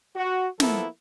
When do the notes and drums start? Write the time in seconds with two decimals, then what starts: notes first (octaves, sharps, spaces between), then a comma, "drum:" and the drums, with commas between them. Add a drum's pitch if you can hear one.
0.16 F#4
0.60 F3 A#3 B3 E4 A4, drum: snare